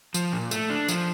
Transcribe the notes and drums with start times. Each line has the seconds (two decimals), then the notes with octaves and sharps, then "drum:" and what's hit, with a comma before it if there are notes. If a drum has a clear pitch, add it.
0.14 F3, drum: tambourine
0.33 A#2
0.51 A3, drum: tambourine
0.70 D4
0.88 F3, drum: tambourine